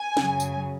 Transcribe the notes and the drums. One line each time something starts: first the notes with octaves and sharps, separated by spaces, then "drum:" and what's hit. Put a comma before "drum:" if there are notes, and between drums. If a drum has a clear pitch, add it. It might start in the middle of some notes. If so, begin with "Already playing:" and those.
Already playing: G#5
F#2 C#3 F#3, drum: snare
drum: tambourine